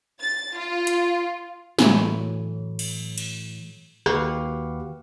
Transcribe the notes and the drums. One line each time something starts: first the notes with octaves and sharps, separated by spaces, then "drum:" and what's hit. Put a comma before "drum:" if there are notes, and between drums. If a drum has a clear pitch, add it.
A6
F4
drum: hi-hat
A2 E3 F#3 A3 B4, drum: snare
drum: cymbal
drum: cymbal
D#2 F#4 G4 B4 F5 F#5, drum: rim click